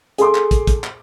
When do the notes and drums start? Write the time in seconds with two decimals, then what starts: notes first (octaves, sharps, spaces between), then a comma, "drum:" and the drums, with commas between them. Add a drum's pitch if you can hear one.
0.18 G#4 A4 C6 D6, drum: hi-hat
0.35 drum: clap
0.51 drum: kick, hi-hat
0.67 drum: kick, hi-hat
0.84 drum: clap